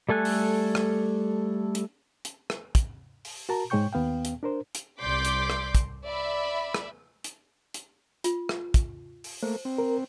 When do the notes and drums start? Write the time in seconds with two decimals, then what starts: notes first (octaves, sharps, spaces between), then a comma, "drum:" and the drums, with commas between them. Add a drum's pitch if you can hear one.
0.09 G3 A3 A4 G#5 F#6
0.25 drum: open hi-hat
0.75 drum: rim click
1.75 drum: hi-hat
2.25 drum: hi-hat
2.50 drum: rim click
2.75 drum: kick, hi-hat
3.25 drum: open hi-hat
3.49 F#4 A#4 A5 A#5
3.70 G#2 G#3 C#5 G5 C#6 G6
3.93 D#2 B3 F5 G5
4.25 drum: hi-hat
4.43 D4 A#4 C5
4.75 drum: hi-hat
4.99 C2 D5 C6 D6 G6 B6
5.25 drum: hi-hat
5.50 drum: rim click
5.75 drum: kick, hi-hat
6.05 D5 E5 B5
6.74 drum: rim click
7.24 drum: hi-hat
7.74 drum: hi-hat
8.24 F4, drum: hi-hat
8.49 drum: rim click
8.74 drum: kick, hi-hat
9.24 drum: open hi-hat
9.43 A3 A#3 C5
9.65 C4
9.78 A#4